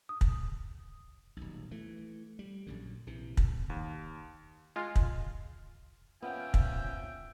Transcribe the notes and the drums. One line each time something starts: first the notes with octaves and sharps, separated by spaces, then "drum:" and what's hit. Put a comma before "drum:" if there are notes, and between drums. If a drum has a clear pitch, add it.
D#6
drum: kick
D#1 B1
E3 A3
G3
A#1 F#2 D3
A#1 C3 E3
drum: kick
D#2
G#3 F4
drum: kick
A#2 F3 B3 C#4 E5 G5
drum: kick